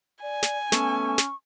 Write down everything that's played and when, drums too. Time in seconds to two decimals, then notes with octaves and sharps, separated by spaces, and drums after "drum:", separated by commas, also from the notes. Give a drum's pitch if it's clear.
0.23 D5 G#5
0.43 drum: snare
0.72 A3 B3 C#4 A4 C#6, drum: snare
1.18 drum: snare